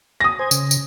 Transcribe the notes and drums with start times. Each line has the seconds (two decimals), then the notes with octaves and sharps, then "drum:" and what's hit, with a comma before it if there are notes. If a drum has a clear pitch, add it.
0.21 D#6 A#6
0.39 C5 G#5
0.51 C#3, drum: tambourine
0.71 drum: tambourine